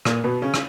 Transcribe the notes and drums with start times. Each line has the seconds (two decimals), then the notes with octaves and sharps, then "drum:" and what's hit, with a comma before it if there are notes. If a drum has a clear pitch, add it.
0.05 A#2 A#3, drum: rim click
0.24 B2 B3
0.42 C#3 C#4
0.54 drum: rim click